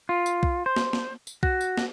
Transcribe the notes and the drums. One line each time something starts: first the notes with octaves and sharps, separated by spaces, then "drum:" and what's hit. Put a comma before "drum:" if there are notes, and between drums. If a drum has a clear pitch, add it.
F4
drum: tambourine
drum: kick B1
C5
drum: snare
drum: snare
drum: tambourine
F#4, drum: kick B1
drum: tambourine
drum: snare